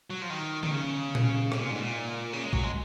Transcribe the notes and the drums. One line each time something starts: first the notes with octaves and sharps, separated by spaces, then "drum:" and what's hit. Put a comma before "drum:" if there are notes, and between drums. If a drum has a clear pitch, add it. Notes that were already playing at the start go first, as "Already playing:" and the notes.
F#3
F3
D#3
D#3, drum: tom D3
C#3
drum: tom A#2
C3, drum: rim click
A#2
G#2
A#2
C#3
G#3
F#3, drum: kick
G#3